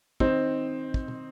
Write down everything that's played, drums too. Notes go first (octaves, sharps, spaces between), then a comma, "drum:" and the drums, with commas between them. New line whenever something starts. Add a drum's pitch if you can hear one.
D#3 C4 D#4 C5, drum: kick
drum: kick
drum: tom